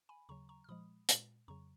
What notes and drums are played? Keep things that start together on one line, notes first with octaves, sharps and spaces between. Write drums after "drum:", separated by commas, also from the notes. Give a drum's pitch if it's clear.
G#5 B5
D#2 C#3 F#3 A#5 C#6
A#5 C#6
F6
A#2 F3 G#3 B5 D#6
A#2 G#3, drum: hi-hat
F2 C#3 F#3 A#5 C#6